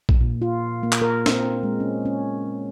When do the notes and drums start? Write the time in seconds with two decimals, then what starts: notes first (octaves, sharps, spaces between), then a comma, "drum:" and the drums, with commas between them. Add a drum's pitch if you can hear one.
0.09 drum: kick A#1
0.21 A#2
0.42 F4
0.83 A#3
0.93 drum: clap
1.02 A#4
1.26 C4, drum: snare
1.63 G#3
1.80 C#4
2.05 C#4